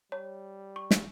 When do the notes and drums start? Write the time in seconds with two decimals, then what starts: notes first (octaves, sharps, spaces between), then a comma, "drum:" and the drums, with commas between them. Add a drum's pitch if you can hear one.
0.12 G3 C#5
0.76 C#6
0.91 drum: snare